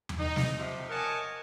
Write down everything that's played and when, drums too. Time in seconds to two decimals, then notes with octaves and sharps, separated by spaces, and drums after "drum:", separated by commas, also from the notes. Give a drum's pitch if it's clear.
0.09 drum: tom E2
0.19 D#4
0.36 drum: snare
0.59 C3 F3
0.90 A#4 C#5 D#5 F#5 G#5 A5